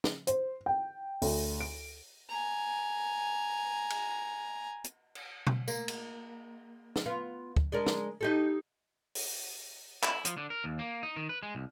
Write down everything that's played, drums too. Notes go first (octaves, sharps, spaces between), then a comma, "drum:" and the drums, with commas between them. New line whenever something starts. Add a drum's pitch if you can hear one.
drum: snare
C5, drum: hi-hat
G5
D2, drum: open hi-hat
D7
G#5 A#5
drum: cymbal
drum: hi-hat
drum: cymbal
drum: tom B2
A#3, drum: tambourine
drum: cymbal
drum: snare
B3 F4
drum: kick
G#3 D4 A#4
drum: snare
D#4 G4 A4
drum: open hi-hat
E4, drum: clap
F3, drum: hi-hat
D3
A#4
D#2
A#3
D#4
D#3
B4
G#3
C2